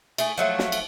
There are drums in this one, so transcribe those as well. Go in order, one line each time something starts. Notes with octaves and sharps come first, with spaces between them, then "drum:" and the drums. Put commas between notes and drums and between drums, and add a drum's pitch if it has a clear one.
A3 G#4, drum: cymbal
F3 F#3 A3
drum: snare
drum: cymbal